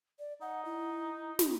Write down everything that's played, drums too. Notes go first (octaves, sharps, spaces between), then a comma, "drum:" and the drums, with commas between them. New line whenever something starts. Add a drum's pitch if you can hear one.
D5
D#4 F#5
E4
drum: snare